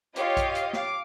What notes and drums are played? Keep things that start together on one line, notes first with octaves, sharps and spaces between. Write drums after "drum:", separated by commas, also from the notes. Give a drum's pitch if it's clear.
F4 G4 C#5 D#5 F5, drum: hi-hat
drum: kick A#1, hi-hat
drum: hi-hat
F5 D6, drum: snare